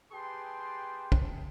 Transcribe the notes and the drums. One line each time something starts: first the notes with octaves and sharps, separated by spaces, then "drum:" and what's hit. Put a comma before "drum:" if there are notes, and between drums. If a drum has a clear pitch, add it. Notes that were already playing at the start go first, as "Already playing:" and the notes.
G4 G#4 B4 G5 A5 C6
drum: kick